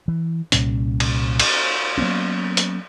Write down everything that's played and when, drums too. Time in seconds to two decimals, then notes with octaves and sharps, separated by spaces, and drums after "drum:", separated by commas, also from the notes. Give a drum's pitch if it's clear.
0.08 E3
0.52 C2 A#2 G3 C#4, drum: hi-hat
1.00 drum: cymbal
1.40 drum: cymbal
1.98 F#3 A#3 B3 C#4
2.57 drum: hi-hat